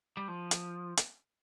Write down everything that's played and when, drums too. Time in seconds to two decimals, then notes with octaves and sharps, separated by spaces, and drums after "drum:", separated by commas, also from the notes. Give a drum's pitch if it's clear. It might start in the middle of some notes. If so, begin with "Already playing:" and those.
0.17 G3
0.28 F3
0.51 drum: hi-hat
0.97 drum: hi-hat